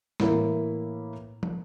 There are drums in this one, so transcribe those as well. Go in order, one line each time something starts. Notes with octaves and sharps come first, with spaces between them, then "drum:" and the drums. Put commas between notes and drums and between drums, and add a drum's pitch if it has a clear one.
A2 E3 A#3 E4, drum: snare
drum: tom